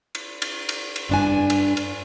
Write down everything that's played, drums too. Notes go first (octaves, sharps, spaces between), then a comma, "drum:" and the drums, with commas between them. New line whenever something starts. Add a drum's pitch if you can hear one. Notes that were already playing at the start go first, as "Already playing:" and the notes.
drum: cymbal
drum: cymbal
drum: cymbal
drum: cymbal
G2 D4 G#5
drum: cymbal
drum: cymbal